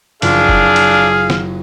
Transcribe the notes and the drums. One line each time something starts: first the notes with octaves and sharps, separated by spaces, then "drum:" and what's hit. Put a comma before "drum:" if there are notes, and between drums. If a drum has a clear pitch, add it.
F#1 D4 F4 G#4 F5, drum: cymbal
drum: kick F1
drum: cymbal
drum: snare